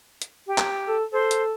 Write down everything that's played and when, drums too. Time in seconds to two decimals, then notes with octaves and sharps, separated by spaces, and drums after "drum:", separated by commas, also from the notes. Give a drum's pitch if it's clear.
0.22 drum: hi-hat
0.47 G4
0.58 drum: clap
0.88 A4
1.13 A4 C5
1.31 drum: hi-hat